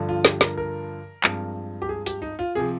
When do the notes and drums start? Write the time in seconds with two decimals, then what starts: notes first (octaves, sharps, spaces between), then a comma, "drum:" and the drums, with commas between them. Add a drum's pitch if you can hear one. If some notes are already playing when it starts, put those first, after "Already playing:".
Already playing: G2 D3 F3
0.09 F4
0.25 G4, drum: snare
0.41 A#4, drum: snare
0.58 A#4
1.24 G2 F3 G#3 C4, drum: clap
1.82 G4
1.89 G#4
2.06 G4, drum: hi-hat
2.22 D#4
2.39 F4
2.55 C3 F3 G#4